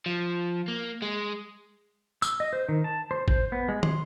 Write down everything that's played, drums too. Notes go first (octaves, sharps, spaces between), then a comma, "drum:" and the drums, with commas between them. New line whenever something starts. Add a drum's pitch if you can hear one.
F3
A#3
G#3
E6, drum: tambourine
D#5
C5
D#3
A5
C5
C5, drum: kick
B3
G#3
C6, drum: tom